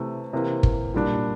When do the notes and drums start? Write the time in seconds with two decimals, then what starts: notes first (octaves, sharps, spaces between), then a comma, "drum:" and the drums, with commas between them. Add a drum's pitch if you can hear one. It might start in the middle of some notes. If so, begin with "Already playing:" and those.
Already playing: C3 E3 A3
0.33 C3 E3 A#3
0.63 drum: kick
0.94 A#2 G3 A#3 D4